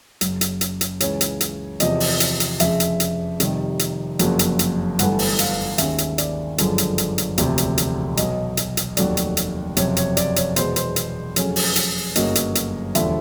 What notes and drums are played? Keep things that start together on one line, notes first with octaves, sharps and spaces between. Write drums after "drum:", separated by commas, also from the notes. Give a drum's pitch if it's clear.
F#1 F#2 C#3, drum: hi-hat
drum: hi-hat
drum: hi-hat
drum: hi-hat
C#2 C#3 E3 C#5, drum: hi-hat
drum: hi-hat
drum: hi-hat
E2 C3 F3 D#5, drum: hi-hat
drum: open hi-hat
drum: hi-hat
drum: hi-hat
F1 F2 C#3 E5, drum: hi-hat
drum: hi-hat
drum: hi-hat
F1 F2 C3 D#3 G3, drum: hi-hat
drum: hi-hat
F#1 F2 C#3 F#3 A#3, drum: hi-hat
drum: hi-hat
drum: hi-hat
G1 G2 E3 A3 F#5, drum: hi-hat
drum: open hi-hat
F5, drum: hi-hat
D#2 D#3 G#3 C#4 E5, drum: hi-hat
drum: hi-hat
D5, drum: hi-hat
G1 F#2 D3 F3 G#3, drum: hi-hat
drum: hi-hat
drum: hi-hat
drum: hi-hat
E1 D2 C3 F3, drum: hi-hat
drum: hi-hat
drum: hi-hat
B1 B2 F#3 D#5, drum: hi-hat
drum: hi-hat
drum: hi-hat
F1 D#2 D#3 F#3 A3 D5, drum: hi-hat
drum: hi-hat
drum: hi-hat
F#1 F2 C3 C#5, drum: hi-hat
C#5, drum: hi-hat
D5, drum: hi-hat
C#5, drum: hi-hat
E2 B2 G#3 B3 C5, drum: hi-hat
C5, drum: hi-hat
drum: hi-hat
F2 C#3 F#3 A3 C#4 C#5, drum: hi-hat
drum: open hi-hat
drum: hi-hat
G1 F#2 C#3 F#3 A#3 D#5, drum: hi-hat
drum: hi-hat
drum: hi-hat
E1 D#2 D3 F3 E5, drum: hi-hat